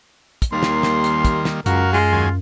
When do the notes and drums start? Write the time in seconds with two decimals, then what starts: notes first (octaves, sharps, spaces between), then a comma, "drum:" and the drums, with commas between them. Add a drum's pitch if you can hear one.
0.42 drum: kick, hi-hat
0.52 D#2 D#3 G3 A#3 C6
0.63 drum: snare
0.83 drum: snare
1.04 drum: hi-hat
1.25 drum: kick, hi-hat
1.45 drum: snare
1.66 C#2 F#2 F#3 F#4 A#4 F5, drum: hi-hat
1.93 G#3 F4
2.13 D#2 F#3 G#5